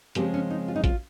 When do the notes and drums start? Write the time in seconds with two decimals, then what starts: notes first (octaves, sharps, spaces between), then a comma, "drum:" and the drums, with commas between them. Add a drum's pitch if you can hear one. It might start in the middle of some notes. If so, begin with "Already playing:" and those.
0.15 C#3 F3 G#3 C4 G4, drum: hi-hat
0.34 C#4
0.50 D#4
0.68 F4
0.76 D#4
0.84 F4, drum: kick A1, hi-hat